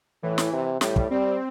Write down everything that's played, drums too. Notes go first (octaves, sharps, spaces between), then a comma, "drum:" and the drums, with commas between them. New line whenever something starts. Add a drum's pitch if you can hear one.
A2 E3
drum: snare
C3
A2 G3, drum: snare
drum: kick
G3 C4